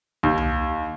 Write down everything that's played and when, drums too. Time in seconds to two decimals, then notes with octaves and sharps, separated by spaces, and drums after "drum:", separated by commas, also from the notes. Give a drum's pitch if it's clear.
0.23 D#2, drum: kick G1
0.38 drum: tom C2